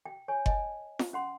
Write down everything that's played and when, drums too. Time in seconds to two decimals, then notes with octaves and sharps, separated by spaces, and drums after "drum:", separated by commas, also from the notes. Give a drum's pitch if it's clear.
0.06 G5
0.28 C#5 G#5
0.46 D#5 G#5 A5, drum: kick F#1
0.99 drum: snare F4
1.13 C#4 F#5 C6